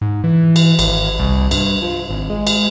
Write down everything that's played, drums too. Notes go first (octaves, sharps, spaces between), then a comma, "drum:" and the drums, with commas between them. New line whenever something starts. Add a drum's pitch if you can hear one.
G#2
E3
drum: cymbal
G#1, drum: cymbal
C2
G2, drum: cymbal
F3
G#1
G#3
drum: cymbal